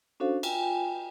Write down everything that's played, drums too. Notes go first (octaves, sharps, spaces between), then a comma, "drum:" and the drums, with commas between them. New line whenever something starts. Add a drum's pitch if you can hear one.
C#4 D4 F#4 A4 C5 F5
F4 G5 G#5, drum: cymbal